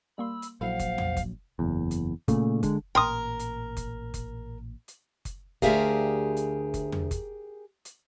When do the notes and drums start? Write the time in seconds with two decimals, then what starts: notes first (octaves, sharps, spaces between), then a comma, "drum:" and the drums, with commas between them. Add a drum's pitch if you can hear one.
0.18 G3 A#3 B5 C6 E6
0.42 drum: hi-hat
0.61 A#1 F#3 E4 A4 C5 F5 F#5
0.80 drum: kick F#1, hi-hat
0.98 drum: tom E2
1.17 drum: kick F#1, hi-hat
1.59 F#1 E2
1.91 drum: hi-hat
2.28 A#2 C#3 A3, drum: kick F#1, hi-hat
2.63 D3 G#3, drum: kick F#1, hi-hat
2.95 A1 A#2 A#4 G5 C6 D#6
3.40 drum: hi-hat
3.77 drum: kick F#1, hi-hat
4.14 drum: kick F#1, hi-hat
4.88 drum: hi-hat
5.25 drum: kick F#1, hi-hat
5.62 D2 G4 G#4 A#4 E5 F5, drum: kick F#1, hi-hat
6.37 drum: hi-hat
6.74 drum: kick F#1, hi-hat
6.92 drum: tom E2
7.11 drum: kick F#1, hi-hat
7.85 drum: hi-hat